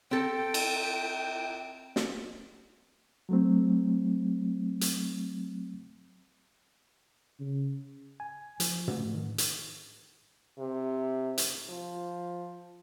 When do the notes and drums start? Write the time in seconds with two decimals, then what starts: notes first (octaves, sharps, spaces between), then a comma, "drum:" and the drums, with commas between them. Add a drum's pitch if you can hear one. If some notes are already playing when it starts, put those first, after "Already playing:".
0.11 C4 A4 G5
0.54 drum: cymbal
1.96 drum: snare
3.29 F#3 A3 C4
4.81 drum: hi-hat
7.39 C#3
8.20 G#5
8.60 F3, drum: hi-hat
8.88 A3, drum: tom
9.14 D#3
9.38 drum: hi-hat
10.59 C3
11.38 drum: hi-hat
11.70 F3